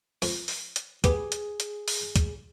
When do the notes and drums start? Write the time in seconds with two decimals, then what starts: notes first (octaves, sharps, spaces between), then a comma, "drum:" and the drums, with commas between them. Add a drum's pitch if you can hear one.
0.22 F2, drum: open hi-hat
0.48 drum: open hi-hat
0.76 drum: hi-hat
1.04 B3 G4 G#4, drum: kick, hi-hat
1.32 drum: hi-hat
1.60 drum: hi-hat
1.88 drum: open hi-hat
2.16 drum: kick, hi-hat